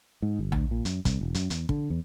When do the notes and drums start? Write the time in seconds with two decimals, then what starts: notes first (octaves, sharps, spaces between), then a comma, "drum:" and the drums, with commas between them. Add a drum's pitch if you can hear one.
0.22 G#2
0.39 G1
0.52 D2, drum: tom A#1
0.71 A#2
0.85 F#2, drum: hi-hat
1.05 C2, drum: kick, hi-hat
1.21 E1
1.34 F#2, drum: hi-hat
1.50 E2, drum: hi-hat
1.69 D3, drum: kick
1.90 E2